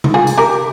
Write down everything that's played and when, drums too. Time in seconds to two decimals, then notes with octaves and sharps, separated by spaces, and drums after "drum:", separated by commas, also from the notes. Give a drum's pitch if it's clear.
0.04 drum: tom C3
0.14 F4 G#4
0.27 drum: tambourine
0.38 G4 A#4